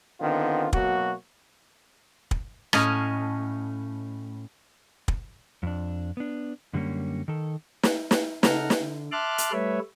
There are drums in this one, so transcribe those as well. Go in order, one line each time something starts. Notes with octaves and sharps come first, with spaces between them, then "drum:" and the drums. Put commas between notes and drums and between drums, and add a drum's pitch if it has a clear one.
D3 D#3 B3 C4 F4
B2 F#3 A#3 F#4, drum: kick
drum: kick
A2 C#4 D#5 F5 G#5, drum: rim click
drum: kick
F2 D4
B3 D4
F#2 D3 F#3 G3 A#3 C#4
D#3 A4
drum: snare
drum: snare
C#3 D#4 A4 F#5 A#5 F6, drum: snare
drum: snare
D3
E5 A5 C6 D6 F6 F#6
drum: hi-hat
G3 A3 B4 C#5 E5